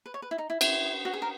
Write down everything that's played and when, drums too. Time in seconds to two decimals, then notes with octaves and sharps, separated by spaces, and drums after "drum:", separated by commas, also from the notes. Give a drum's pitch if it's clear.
0.06 B4
0.14 C#5
0.22 B4
0.31 E4
0.38 D#4
0.50 E4
0.61 E4, drum: cymbal
1.05 F#4
1.13 G#4
1.22 A#4